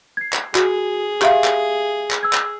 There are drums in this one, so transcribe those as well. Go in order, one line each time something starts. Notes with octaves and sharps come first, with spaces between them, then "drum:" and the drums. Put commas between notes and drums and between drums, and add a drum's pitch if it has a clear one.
G#6 C7
drum: clap
F#4 G#4, drum: clap
G4 E5 F5, drum: clap
drum: clap
drum: clap
E6 G#6
drum: clap